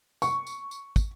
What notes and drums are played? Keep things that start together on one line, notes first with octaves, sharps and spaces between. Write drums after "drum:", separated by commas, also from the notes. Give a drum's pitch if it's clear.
C#6, drum: tambourine
drum: tambourine
drum: tambourine
drum: kick, tambourine